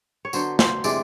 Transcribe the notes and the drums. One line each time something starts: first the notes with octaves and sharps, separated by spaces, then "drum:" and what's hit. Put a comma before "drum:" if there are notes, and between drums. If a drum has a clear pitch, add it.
C#5
D3 F#3 B3 C5, drum: tambourine
C5, drum: snare
C3 E3 G#3 D5, drum: tambourine